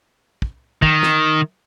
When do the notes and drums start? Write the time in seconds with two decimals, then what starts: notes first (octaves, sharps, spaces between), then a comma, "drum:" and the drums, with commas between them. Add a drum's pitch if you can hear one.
0.42 drum: kick
0.83 D#3, drum: kick
1.03 drum: snare